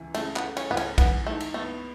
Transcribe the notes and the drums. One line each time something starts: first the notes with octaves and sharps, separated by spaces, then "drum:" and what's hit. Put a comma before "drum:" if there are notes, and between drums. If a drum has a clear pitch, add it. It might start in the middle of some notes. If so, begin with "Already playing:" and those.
Already playing: C#2 E3
C#3 A3, drum: cymbal
B3, drum: clap
A3
C#4, drum: cymbal
C#2 B3
C#4, drum: cymbal
E3 B3, drum: kick A#1, cymbal
G#2 A3
drum: cymbal
A3 B3